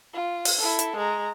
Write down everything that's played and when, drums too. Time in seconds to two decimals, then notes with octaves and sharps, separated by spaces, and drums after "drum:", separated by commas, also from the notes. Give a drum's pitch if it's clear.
0.13 F4
0.45 drum: open hi-hat
0.58 E4 A4
0.79 drum: hi-hat
0.97 G#3 A#5